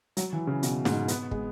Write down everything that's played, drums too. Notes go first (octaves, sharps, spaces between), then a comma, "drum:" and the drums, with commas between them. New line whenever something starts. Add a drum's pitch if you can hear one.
F#3, drum: hi-hat
E3
C#3
B2, drum: hi-hat
G#2, drum: snare
B3, drum: hi-hat
G#3, drum: kick